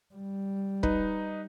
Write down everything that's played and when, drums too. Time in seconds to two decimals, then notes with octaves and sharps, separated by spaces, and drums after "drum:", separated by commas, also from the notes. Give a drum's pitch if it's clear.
0.15 G3
0.83 D#4 B4, drum: kick